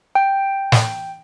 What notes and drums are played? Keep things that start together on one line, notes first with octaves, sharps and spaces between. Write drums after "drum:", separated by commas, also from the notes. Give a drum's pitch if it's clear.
G5
drum: snare